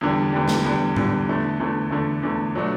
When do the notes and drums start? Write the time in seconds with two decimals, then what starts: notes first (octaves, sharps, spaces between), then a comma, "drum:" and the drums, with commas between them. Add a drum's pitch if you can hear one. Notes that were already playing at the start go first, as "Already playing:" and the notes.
0.01 E2 D3 G3
0.33 E2 D3 G3
0.48 drum: snare
0.65 E2 D3 G3
0.96 E2 D3 G3, drum: tom A2
1.28 E2 D3 A3
1.60 E2 D3 A3
1.91 E2 D3 A3
2.23 E2 D3 A3
2.55 B2 F#3 A3 D4